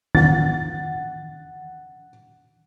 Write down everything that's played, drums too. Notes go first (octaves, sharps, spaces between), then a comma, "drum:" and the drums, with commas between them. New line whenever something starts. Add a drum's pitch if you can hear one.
F#5 A6, drum: tom D#3